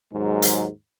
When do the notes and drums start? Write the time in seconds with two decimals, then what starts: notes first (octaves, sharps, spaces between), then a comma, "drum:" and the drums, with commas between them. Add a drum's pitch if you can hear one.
0.13 D#2 G#2 F#3 G#3
0.42 drum: hi-hat